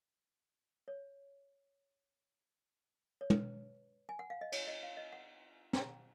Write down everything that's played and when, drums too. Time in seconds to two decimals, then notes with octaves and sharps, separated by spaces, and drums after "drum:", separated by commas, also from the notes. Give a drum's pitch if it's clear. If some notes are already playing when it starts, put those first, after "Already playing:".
0.88 C#5
3.21 C#5
3.30 B4, drum: tom
4.09 G#5
4.19 F#5
4.30 F5
4.41 D#5
4.52 C#5, drum: cymbal
4.67 D#5
4.83 F5
4.97 D#5
5.13 F#5
5.73 A#5, drum: snare